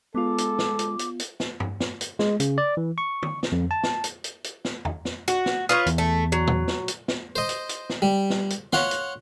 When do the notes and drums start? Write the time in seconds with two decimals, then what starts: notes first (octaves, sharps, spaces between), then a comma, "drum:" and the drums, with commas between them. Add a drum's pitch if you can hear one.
0.15 G#3 B3 F4 A4 D6
0.38 drum: hi-hat
0.59 drum: snare
0.79 drum: hi-hat
0.99 drum: hi-hat
1.20 drum: hi-hat
1.40 drum: snare
1.60 drum: tom G2
1.80 drum: snare
2.01 drum: hi-hat
2.19 G#3, drum: snare
2.40 C#3, drum: hi-hat
2.58 D5
2.77 E3
2.98 C#6
3.23 drum: tom D3
3.43 drum: snare
3.52 F2
3.71 A5
3.83 drum: snare
4.04 drum: hi-hat
4.24 drum: hi-hat
4.44 drum: hi-hat
4.65 drum: snare
4.85 drum: tom E2
5.05 drum: snare
5.28 F#4, drum: hi-hat
5.46 drum: snare
5.69 F4 B4 C#5 D#6
5.86 E2, drum: hi-hat
5.98 A3
6.32 F#3
6.47 drum: tom
6.68 drum: snare
6.88 drum: hi-hat
7.08 drum: snare
7.36 C5 D#5
7.49 drum: hi-hat
7.69 drum: hi-hat
7.90 drum: snare
8.02 G3
8.30 drum: snare
8.50 drum: hi-hat
8.73 C#5 F5 F#5 C6, drum: snare
8.91 drum: hi-hat